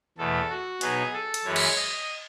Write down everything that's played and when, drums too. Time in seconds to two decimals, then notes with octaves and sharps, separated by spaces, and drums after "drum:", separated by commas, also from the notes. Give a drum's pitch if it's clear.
0.18 E2 B2 A3 A4
0.50 F#4
0.81 B2 F#3 B3 D#4 G#4, drum: hi-hat
1.13 A4
1.34 drum: hi-hat
1.45 F#2 E3 G#3 C#5
1.56 drum: cymbal
1.77 D#5